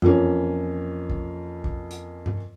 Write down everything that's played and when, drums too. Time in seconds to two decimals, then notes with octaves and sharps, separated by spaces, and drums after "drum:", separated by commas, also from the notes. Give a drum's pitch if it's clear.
0.02 F2 E3 A#3 C#4, drum: tom F#2
1.10 drum: kick
1.64 drum: kick
1.91 drum: hi-hat
2.26 drum: tom G2